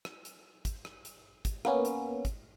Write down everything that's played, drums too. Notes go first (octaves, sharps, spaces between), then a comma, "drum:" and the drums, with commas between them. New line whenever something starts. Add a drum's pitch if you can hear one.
drum: rim click
drum: hi-hat
drum: kick, hi-hat
drum: rim click
drum: hi-hat
drum: kick, hi-hat
A#3 B3 C#4, drum: rim click
drum: hi-hat
drum: kick, hi-hat